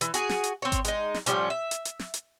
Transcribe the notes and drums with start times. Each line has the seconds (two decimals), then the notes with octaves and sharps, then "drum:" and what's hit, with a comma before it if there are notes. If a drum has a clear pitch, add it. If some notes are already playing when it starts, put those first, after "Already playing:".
0.01 E3, drum: hi-hat
0.14 F#4 G#4, drum: hi-hat
0.29 drum: snare
0.44 drum: hi-hat
0.62 C4 C#5
0.72 drum: kick G#1, hi-hat
0.85 G#3 D#4, drum: hi-hat
1.14 drum: snare
1.26 A2 F3 G3 C#4, drum: hi-hat
1.50 E5
1.71 drum: hi-hat
1.85 drum: hi-hat
1.99 drum: snare
2.14 drum: hi-hat